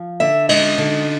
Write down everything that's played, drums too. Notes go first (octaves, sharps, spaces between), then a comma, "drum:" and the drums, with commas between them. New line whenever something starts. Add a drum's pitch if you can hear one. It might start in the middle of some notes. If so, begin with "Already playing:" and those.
Already playing: F3
D3 E5
G#3 D#5, drum: cymbal
D3